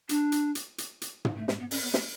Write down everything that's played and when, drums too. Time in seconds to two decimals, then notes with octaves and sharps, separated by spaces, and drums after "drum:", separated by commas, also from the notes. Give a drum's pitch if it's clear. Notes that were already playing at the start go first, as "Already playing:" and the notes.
0.09 D4, drum: hi-hat
0.32 drum: hi-hat
0.55 drum: hi-hat
0.78 drum: hi-hat
1.01 drum: hi-hat
1.25 drum: tom
1.37 A3
1.48 G#3, drum: snare
1.60 B3
1.71 C#4, drum: open hi-hat
1.83 B3
1.94 A3, drum: snare